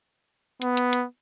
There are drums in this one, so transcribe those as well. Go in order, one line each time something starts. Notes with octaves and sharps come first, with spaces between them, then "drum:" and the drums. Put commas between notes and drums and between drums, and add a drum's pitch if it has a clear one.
B3, drum: hi-hat
drum: hi-hat
drum: hi-hat